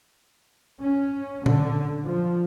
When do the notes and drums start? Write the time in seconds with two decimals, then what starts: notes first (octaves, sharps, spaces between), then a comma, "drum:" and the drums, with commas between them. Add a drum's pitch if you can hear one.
0.82 C#4
1.46 D3, drum: tom A#2
2.05 F3